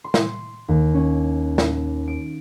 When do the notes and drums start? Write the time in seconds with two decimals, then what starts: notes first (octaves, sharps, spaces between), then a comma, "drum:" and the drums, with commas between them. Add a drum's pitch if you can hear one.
0.04 C6
0.14 drum: snare
0.68 D#2
0.94 C#4
1.58 drum: snare
2.08 D7